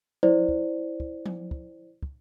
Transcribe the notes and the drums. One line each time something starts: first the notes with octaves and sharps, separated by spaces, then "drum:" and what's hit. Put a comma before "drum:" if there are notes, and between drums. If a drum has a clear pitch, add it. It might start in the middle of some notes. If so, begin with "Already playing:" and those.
E4 C5 D5, drum: tom F3
drum: kick
drum: kick
drum: tom F3
drum: kick
drum: kick